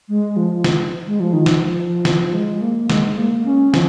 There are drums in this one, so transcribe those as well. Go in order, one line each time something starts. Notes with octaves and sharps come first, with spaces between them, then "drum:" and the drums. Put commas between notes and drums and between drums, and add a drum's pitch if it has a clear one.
G#3
F3
drum: snare
G#3
F3
D#3
F3, drum: snare
drum: snare
G#3
A#3
G#3, drum: snare
A#3
C#4
F3, drum: snare